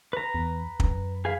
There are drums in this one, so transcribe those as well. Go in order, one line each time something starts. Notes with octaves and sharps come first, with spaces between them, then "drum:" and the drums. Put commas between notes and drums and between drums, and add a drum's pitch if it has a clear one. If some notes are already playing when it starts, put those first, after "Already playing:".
B4 A#5
E2
F#2, drum: kick
G#4 B4 F5